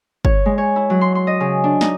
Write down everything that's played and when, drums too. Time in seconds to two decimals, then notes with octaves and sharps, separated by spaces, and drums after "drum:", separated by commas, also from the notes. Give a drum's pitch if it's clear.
0.25 C#5, drum: kick
0.46 G#3
0.58 C#5
0.76 E4
0.90 F#3
1.01 C6
1.15 C6
1.27 D#5
1.40 C#3
1.64 D4
1.81 D#4, drum: snare